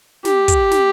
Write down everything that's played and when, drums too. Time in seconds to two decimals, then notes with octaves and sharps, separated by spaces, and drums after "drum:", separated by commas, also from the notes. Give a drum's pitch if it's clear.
0.25 G4, drum: snare
0.48 drum: kick, hi-hat
0.71 drum: snare